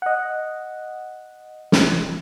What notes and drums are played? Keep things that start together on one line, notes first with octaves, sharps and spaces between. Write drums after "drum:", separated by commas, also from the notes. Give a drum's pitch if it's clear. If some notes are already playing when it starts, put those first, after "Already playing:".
D#5 F#5
drum: snare